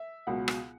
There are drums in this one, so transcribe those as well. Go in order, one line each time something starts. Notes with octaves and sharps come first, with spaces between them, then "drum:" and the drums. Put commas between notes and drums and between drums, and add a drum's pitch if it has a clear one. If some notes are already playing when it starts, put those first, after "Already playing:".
Already playing: E5
C#2 B2 F#3 F#5
drum: rim click